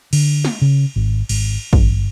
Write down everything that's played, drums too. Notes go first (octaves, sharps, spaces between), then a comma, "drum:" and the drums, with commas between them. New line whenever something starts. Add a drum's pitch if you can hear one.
D3, drum: cymbal
drum: snare
C#3
G#1
G#1, drum: cymbal
G1, drum: kick A1